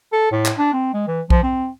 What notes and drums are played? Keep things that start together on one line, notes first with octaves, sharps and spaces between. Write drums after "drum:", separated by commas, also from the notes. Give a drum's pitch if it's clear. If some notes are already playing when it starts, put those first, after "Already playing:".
A4
A2
drum: clap
D4
C4
G#3
E3
F3, drum: kick B1
C4